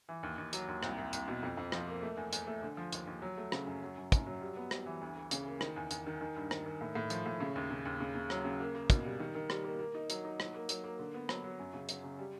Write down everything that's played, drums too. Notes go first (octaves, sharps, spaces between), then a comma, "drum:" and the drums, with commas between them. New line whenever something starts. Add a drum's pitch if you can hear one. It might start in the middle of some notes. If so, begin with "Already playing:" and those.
E3
D#2
D#2
F#3, drum: hi-hat
D#2
C2, drum: rim click
C2
C2, drum: hi-hat
B2
F2
F2
F3, drum: rim click
A#3
A3
E2
E2, drum: hi-hat
A3
D3
F3
D#2, drum: hi-hat
D#2
F#3
A3
C#3, drum: rim click
F#2
F#3
F#2
F#2, drum: kick, hi-hat
F#3
G3
B3
G3, drum: rim click
E3
D2
D2
C#3, drum: hi-hat
A#3
D#3, drum: rim click
E2
E2, drum: hi-hat
D#3
D#3
G2
D#3, drum: rim click
D#3
A2
A2
F3, drum: hi-hat
A2
C#3
D#2
C#3
D#2
C#3
C#3
F#3, drum: rim click
C#3
A#3
A#3
B2, drum: kick, hi-hat
G3
D#3
D#3
G3, drum: rim click
A#3
A#3
D#4
F#3, drum: hi-hat
D#4
F#3, drum: rim click
A#3
F#3, drum: hi-hat
A#3
D3
B3
F#3, drum: rim click
F#3
F#2
C#3
F#3, drum: hi-hat
C#3
G3